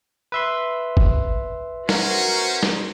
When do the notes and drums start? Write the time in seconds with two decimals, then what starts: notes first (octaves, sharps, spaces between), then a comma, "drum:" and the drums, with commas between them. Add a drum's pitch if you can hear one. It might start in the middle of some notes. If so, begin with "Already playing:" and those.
0.32 B4 E5 C6
0.97 drum: kick G1
1.89 C#4 F#4 A#4 C5, drum: snare
2.63 drum: snare